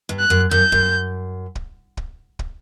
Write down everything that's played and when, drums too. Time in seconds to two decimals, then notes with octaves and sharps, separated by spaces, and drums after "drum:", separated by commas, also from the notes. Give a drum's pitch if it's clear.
0.09 G2
0.19 F#6
0.30 F#2
0.51 F#2 G6
0.72 F#2, drum: kick
1.55 drum: kick
1.97 drum: kick
2.39 drum: kick